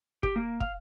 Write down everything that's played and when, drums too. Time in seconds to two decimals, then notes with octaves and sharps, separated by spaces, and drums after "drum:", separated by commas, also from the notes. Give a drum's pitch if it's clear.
0.23 G4, drum: kick
0.36 A#3
0.60 F5, drum: kick